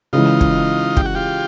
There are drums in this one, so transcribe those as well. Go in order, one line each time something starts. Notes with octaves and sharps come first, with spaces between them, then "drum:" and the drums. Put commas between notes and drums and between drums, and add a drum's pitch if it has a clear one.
C#3 E3 G#3 D#4 F4
drum: kick
G4, drum: kick
F#4
F4 G4